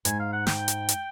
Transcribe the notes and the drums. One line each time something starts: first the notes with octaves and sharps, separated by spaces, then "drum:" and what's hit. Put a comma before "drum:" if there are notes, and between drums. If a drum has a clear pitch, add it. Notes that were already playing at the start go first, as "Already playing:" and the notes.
G#2 G#5, drum: hi-hat
F5
F#5
G5, drum: snare
drum: hi-hat
drum: hi-hat